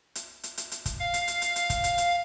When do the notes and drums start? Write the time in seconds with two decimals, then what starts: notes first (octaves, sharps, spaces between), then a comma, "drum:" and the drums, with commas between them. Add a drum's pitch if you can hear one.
0.15 drum: hi-hat
0.43 drum: hi-hat
0.58 drum: hi-hat
0.72 drum: hi-hat
0.86 drum: kick, hi-hat
1.00 F5
1.14 drum: hi-hat
1.28 drum: hi-hat
1.42 drum: hi-hat
1.56 drum: hi-hat
1.70 drum: kick, hi-hat
1.84 drum: hi-hat
1.98 drum: hi-hat